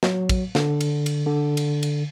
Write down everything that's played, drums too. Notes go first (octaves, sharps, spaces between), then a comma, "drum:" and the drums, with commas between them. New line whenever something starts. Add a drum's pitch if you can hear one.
F#3, drum: snare
drum: kick, cymbal
D3, drum: snare
drum: cymbal
drum: cymbal
D3
drum: cymbal
drum: cymbal